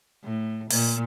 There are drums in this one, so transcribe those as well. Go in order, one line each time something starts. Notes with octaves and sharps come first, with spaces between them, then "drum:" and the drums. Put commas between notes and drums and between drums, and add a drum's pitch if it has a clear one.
A2
A#2, drum: open hi-hat